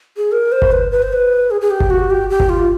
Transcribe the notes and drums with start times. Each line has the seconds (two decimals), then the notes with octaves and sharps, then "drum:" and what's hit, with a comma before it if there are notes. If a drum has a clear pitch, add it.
0.17 G#4
0.32 A#4
0.52 C5
0.62 drum: kick G1
0.72 B4
0.91 B4
1.03 C5
1.13 B4
1.51 G#4
1.61 G#4
1.70 G4
1.80 drum: kick G1
1.90 F#4
2.10 G4
2.30 G4
2.40 drum: kick G1
2.49 F4